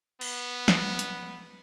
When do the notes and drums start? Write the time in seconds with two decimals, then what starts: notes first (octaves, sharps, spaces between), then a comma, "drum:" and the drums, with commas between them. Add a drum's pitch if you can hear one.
0.21 B3, drum: cymbal
0.68 drum: snare
0.99 drum: hi-hat